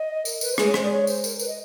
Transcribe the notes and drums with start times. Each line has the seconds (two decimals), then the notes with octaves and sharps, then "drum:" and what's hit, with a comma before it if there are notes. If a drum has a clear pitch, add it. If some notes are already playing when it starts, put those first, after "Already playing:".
Already playing: D#5
0.25 A#4, drum: tambourine
0.41 B4, drum: tambourine
0.52 C5
0.58 G#3 B4, drum: rim click
0.65 C#5
0.74 C5, drum: rim click
0.83 D5
0.91 C#5
1.07 C5, drum: tambourine
1.24 A#4, drum: tambourine
1.39 B4, drum: tambourine
1.47 D#5